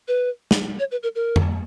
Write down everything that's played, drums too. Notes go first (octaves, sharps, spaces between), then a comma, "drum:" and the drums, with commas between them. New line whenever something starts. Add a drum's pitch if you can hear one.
B4
drum: snare
C#5
B4
A#4
A#4
drum: tom F2